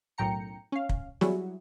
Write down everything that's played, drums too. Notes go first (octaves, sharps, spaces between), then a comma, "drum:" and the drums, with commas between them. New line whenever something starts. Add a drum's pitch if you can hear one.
B1 F#2 A2 G5 A#5 C#7
C#4 F5
drum: kick
F#3 G3 E4 F#4 G#4, drum: snare